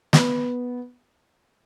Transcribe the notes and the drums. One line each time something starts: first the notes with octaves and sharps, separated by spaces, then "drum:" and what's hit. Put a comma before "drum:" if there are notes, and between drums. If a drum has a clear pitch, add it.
B3, drum: snare